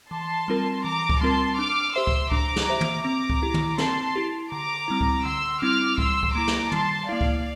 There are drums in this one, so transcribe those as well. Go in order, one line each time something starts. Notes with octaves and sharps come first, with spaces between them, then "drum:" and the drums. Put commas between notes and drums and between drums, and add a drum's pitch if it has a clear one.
E3 A5 C6
G3 C4 F4 A#4
E3 A#5 D6
drum: kick C#2
G3 C4 F4 A#4 A5 C6
D4 D6 F6
G4 C5 E5 C6 E6
drum: kick C#2
D4 A#5 D6, drum: kick C#2
drum: snare
G4 C5 E5
drum: tom
C4 A#5 D6
drum: kick C#2
E4 G4
drum: tom
C4 A5 C6, drum: snare
E4 G4
D3 A#5 D6
G3 C4 E4
drum: kick C#2
D3 C6 E6
G3 C4 E4 D6 F6
G3 C6 E6, drum: kick C#2
drum: kick C#2
A#3 E4 A#5 D6
drum: snare
G3 A5 C6, drum: tom
A#3 E4 D5 F5
drum: kick C#2